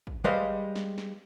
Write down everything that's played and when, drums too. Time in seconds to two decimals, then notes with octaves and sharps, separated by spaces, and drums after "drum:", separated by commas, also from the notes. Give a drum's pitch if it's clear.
0.07 drum: kick
0.24 G3 G#3 B4 C5 D#5 F5
0.76 drum: snare
0.98 drum: snare